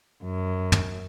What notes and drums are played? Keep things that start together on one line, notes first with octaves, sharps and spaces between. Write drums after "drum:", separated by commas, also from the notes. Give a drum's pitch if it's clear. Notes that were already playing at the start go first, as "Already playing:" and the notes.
F#2
drum: tom